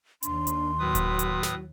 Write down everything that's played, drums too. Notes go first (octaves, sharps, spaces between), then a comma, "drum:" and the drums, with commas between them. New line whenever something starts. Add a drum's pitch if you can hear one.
D#2 D4 C6, drum: hi-hat
drum: hi-hat
A2 F#3 B4 D#6
drum: kick D#1, hi-hat
drum: hi-hat
drum: snare